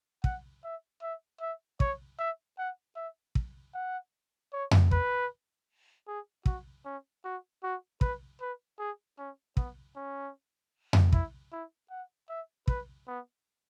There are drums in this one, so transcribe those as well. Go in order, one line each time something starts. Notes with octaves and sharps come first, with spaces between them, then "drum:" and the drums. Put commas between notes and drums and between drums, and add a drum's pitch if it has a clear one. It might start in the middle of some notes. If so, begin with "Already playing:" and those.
F#5, drum: kick
E5
E5
E5
C#5, drum: kick
E5
F#5
E5
drum: kick
F#5
C#5
drum: tom F2
B4, drum: kick
G#4
F#4, drum: kick
C#4
F#4
F#4
B4, drum: kick
B4
G#4
C#4
B3, drum: kick
C#4
drum: tom F2
E4, drum: kick
E4
F#5
E5
B4, drum: kick
B3